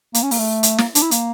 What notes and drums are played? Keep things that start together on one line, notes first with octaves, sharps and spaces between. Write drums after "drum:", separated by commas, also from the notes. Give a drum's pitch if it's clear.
A#3, drum: hi-hat
C#4
A#3, drum: open hi-hat
A3
drum: hi-hat
A#3, drum: snare
D4, drum: hi-hat
E4
A#3, drum: hi-hat